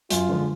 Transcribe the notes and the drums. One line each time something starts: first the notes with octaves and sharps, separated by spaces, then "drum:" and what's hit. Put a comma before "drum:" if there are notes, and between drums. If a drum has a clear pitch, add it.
F#2 F4, drum: hi-hat
D3 F3 G#3